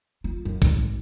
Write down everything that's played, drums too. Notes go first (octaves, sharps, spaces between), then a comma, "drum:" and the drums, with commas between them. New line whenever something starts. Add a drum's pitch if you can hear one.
F4
F#2
G#1, drum: kick, hi-hat